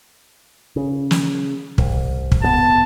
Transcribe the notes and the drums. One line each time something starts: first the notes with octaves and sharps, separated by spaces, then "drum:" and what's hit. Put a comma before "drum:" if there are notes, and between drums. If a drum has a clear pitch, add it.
C#3
drum: snare
C2, drum: kick
drum: kick
F#1 B2 B3 A5